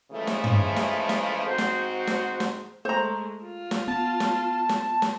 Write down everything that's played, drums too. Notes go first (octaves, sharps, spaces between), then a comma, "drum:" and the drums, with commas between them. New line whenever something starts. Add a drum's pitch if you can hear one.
C#3 E3 F3 G#3 A3
drum: snare
drum: tom
drum: snare
drum: snare
G#2 C4 F#4 C5
drum: snare
drum: snare
drum: snare
G#3 A3 C5 A#5
F4
drum: snare
B3 A5
drum: snare
drum: snare
drum: snare